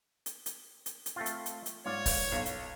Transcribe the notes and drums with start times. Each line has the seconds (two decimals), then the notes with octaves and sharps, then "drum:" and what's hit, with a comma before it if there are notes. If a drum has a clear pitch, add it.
0.26 drum: hi-hat
0.46 drum: hi-hat
0.86 drum: hi-hat
1.06 drum: hi-hat
1.16 A3 C4 F4
1.26 drum: hi-hat
1.46 drum: hi-hat
1.66 drum: hi-hat
1.86 G#2 F4 C#5 D5
2.06 drum: kick, open hi-hat
2.32 B1 F5
2.46 drum: hi-hat